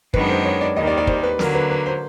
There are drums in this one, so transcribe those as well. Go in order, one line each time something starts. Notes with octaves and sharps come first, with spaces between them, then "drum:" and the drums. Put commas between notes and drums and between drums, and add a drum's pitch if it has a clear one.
F#2 D#3 G#3 B3 D4 B4, drum: kick
C5
C#5
D5
D#2 D#3 G3 D#5
D5
D5
C5, drum: kick
B4
D3 F#3 A#3 A#4, drum: snare
B4
B4
C5